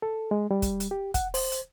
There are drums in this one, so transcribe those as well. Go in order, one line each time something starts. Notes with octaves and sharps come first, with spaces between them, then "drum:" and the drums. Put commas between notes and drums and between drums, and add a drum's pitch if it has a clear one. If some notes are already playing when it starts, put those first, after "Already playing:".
A4
G#3
G3
drum: kick, hi-hat
drum: hi-hat
G4
F#5, drum: kick, hi-hat
C5, drum: open hi-hat
drum: hi-hat